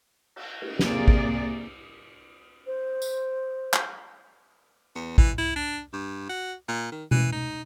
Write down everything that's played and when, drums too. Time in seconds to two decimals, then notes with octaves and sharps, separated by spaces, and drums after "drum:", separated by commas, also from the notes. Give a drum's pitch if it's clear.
0.36 drum: cymbal
0.62 drum: cymbal
0.79 C3 A#3 G#4 D5, drum: snare
1.08 drum: kick
2.66 C5
3.02 drum: tambourine
3.74 drum: clap
4.95 E2
5.18 E3, drum: kick
5.38 E4
5.56 D4
5.93 G2
6.29 F#4
6.68 A#2
6.92 D#3
7.11 E3, drum: tom B2
7.32 D#4